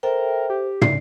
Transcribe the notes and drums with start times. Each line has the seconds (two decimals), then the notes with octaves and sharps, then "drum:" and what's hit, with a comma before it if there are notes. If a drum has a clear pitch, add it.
0.03 A4 A#4 C5 E5 G5
0.50 G4
0.82 C#3 D5 C7, drum: tom